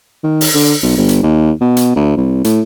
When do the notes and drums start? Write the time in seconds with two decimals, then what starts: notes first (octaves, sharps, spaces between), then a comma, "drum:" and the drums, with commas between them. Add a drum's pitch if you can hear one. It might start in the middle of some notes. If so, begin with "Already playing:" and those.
0.24 D#3
0.41 drum: open hi-hat
0.54 D3
0.83 B1
0.97 G1
1.09 drum: hi-hat
1.23 D#2
1.61 B2
1.77 drum: hi-hat
1.96 D2
2.17 C2
2.44 A2, drum: hi-hat